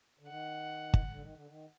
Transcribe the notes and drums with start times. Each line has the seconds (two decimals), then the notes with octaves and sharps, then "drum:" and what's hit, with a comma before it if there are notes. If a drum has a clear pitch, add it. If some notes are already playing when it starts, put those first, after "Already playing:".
0.19 D3
0.28 D#3 F#5
0.94 drum: kick
1.10 D3
1.22 D#3
1.35 D3
1.48 D#3